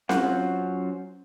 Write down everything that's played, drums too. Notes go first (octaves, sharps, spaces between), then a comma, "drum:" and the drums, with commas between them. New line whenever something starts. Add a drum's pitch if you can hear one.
F#3 C#4 F4 C5 F#5, drum: snare C4